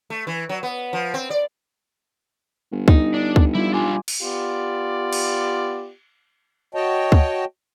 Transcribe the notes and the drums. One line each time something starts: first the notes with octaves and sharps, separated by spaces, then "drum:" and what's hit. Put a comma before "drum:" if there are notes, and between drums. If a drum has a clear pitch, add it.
A3
E3
F#3
B3
F3
C4
D5
G1
D#4, drum: kick C#2
D4
drum: kick C#2
G3 E4 F4
D4 F4 G#5 C6 D6
drum: cymbal
B3 F4 G4 D5
drum: cymbal
F#4 C#5 D#5 G5 A5
drum: kick C#2